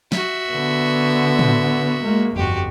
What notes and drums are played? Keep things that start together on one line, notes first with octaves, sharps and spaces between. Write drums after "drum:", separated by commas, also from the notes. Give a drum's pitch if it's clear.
F#4 E5, drum: snare
D3 B3
drum: tom
G#3 A#3
G1 F2 F#4 G4